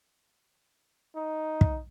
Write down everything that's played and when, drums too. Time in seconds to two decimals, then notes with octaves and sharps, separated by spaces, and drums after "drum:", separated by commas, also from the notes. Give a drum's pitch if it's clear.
1.15 D#4
1.61 drum: kick